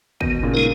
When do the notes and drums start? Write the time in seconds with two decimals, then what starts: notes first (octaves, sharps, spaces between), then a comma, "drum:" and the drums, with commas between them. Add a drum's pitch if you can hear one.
0.21 B2 D#3, drum: kick
0.43 A#2 C#3
0.54 G#3 D#4 A#4